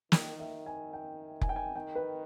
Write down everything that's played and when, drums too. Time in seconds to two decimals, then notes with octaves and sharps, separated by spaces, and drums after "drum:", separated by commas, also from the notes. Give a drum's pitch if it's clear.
0.12 D#3 G5, drum: snare
0.39 E5
0.66 G#5
0.93 G5
1.41 G#5, drum: kick F1
1.49 G5
1.56 G#5
1.75 D#3 G5
1.95 B4